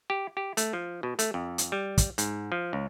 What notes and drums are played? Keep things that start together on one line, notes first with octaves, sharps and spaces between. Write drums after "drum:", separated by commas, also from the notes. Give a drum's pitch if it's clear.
G4
G4
A3, drum: hi-hat
F3
B2
A3, drum: hi-hat
F2
drum: hi-hat
G3
drum: kick, hi-hat
G#2, drum: hi-hat
F3
C#2